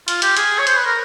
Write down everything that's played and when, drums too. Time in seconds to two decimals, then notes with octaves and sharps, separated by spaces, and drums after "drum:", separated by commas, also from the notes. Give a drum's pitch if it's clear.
0.08 F4, drum: hi-hat
0.22 G4, drum: hi-hat
0.37 G#4, drum: hi-hat
0.59 C#5
0.67 C5, drum: hi-hat
0.77 B4
0.86 A#4